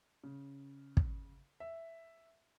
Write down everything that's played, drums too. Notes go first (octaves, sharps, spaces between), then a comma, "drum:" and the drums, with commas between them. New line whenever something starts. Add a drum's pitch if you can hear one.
C#3
drum: kick
E5